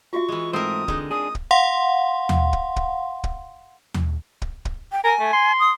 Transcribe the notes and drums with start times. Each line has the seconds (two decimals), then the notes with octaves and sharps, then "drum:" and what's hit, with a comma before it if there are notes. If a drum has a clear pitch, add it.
0.13 F4 F#4 E5 C#6
0.29 E3 G#3
0.53 G#2 A3 C4 A#4 C5 D#6
0.88 D3 G#3 D#4, drum: kick
1.11 D4 G#4 D#6
1.35 drum: kick
1.51 F5 F#5 C6
2.29 drum: tom D#2
2.53 drum: kick
2.76 drum: kick
3.24 drum: kick
3.94 drum: tom D#2
4.42 drum: kick
4.65 drum: kick
4.92 G5
5.04 A#4 G#5
5.20 A3
5.33 C6
5.60 D#6